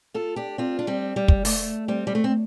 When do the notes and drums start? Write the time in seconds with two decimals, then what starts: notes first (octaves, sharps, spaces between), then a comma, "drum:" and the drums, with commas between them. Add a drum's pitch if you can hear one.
0.14 F4 A4
0.36 D4 G4
0.58 C4 F4
0.79 D4
0.87 G3 C4
1.16 G3
1.28 drum: kick
1.45 A3, drum: open hi-hat
1.88 G3 C4
2.07 G3
2.15 A3
2.24 C4